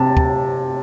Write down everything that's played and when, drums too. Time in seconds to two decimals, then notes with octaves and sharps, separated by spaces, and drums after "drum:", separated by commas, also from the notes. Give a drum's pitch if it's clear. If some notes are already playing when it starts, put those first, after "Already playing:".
Already playing: C3 A5
0.17 drum: kick D2